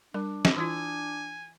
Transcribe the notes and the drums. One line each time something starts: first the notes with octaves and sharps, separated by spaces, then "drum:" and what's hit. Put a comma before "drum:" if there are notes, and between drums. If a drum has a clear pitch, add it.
G3 D4 A#4
drum: snare
E3 E4 F4 G#5 D#6 E6 G#6